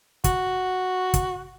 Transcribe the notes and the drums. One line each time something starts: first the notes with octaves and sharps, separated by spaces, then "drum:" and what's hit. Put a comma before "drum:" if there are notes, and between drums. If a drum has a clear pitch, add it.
F#4, drum: kick, hi-hat
drum: kick, hi-hat